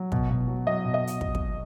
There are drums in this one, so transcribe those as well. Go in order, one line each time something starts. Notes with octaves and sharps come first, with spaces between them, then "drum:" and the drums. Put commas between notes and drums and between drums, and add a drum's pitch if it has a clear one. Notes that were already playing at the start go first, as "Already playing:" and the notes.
Already playing: F#3
B2, drum: kick
B2
F#3
F#3 D#5
B2
D#5
drum: hi-hat
drum: kick
drum: kick